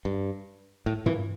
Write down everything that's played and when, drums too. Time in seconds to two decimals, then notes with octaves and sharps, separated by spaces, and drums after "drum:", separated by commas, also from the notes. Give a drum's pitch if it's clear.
0.05 G2
0.86 A2
1.06 E3, drum: tom